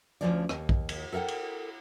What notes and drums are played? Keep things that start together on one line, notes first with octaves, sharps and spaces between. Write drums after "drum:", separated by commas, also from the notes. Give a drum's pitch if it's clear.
D2 C3 F3 C#4 D4 D5
D#2, drum: rim click
drum: kick A#1
drum: cymbal
A4 A#4 E5 F#5 G5
drum: cymbal